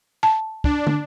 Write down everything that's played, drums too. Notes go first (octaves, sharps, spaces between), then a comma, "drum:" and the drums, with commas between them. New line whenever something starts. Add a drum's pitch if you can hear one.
A5
D4, drum: kick
drum: tom